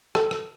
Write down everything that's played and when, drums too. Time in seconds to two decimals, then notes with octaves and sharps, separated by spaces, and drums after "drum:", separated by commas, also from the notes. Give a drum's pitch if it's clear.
0.15 A4, drum: rim click
0.31 drum: rim click